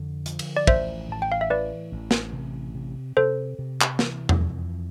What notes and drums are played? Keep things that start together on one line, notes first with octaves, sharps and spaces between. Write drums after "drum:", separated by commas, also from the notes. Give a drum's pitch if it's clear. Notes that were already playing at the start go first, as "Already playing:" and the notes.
Already playing: F2 D3
F3, drum: hi-hat
drum: cymbal
D5
A1 C5 E5, drum: kick
A2 A5
G5
F5
E5
E3 B4 D5
A1
drum: snare
C3
C3
C3 A4 C5
C3
drum: clap
E3, drum: snare
drum: tom E2
F2